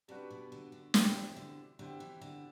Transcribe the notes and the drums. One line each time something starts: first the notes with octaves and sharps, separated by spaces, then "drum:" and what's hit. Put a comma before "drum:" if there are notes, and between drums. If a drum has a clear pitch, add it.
C3 G3 D4 F#4 B4
B2
D3
D3
B2 D3 G3 C4 E4 G4, drum: snare
D3
E3
D3
B2 D3 G3 C4 E4 G4
E3
D3